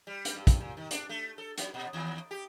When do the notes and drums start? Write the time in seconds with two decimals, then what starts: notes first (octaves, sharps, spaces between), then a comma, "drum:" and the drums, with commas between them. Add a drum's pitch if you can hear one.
0.07 G3
0.25 drum: hi-hat
0.35 G2
0.47 drum: kick, hi-hat
0.60 A#2
0.77 D#3
0.91 D4, drum: hi-hat
1.09 A3
1.38 A4
1.58 F#3, drum: hi-hat
1.74 A#2
1.93 D#2
2.31 G4